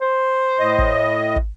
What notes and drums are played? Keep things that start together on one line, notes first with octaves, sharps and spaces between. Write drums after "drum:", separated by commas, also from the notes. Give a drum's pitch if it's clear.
C5
A2 D#5
drum: kick
drum: kick